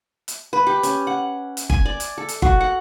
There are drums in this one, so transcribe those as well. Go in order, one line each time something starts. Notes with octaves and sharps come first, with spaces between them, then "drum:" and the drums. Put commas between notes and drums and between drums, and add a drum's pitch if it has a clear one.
drum: hi-hat
B4
G4
C#4, drum: hi-hat
F#5
drum: hi-hat
G#5, drum: kick
D5
drum: hi-hat
A4
drum: hi-hat
F#4, drum: kick
F#5